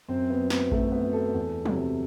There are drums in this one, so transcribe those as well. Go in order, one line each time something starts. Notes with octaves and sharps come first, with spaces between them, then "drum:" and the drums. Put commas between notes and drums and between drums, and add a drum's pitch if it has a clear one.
F#2 C4
B3
F#3
B3, drum: snare
F#2 A3, drum: kick A#1
B3
F#3
A4
E2
C3 F#3, drum: tom F3